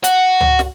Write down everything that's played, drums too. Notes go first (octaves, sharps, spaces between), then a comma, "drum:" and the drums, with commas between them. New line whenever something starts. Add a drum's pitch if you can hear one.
F#4, drum: hi-hat
drum: tom C#2
drum: snare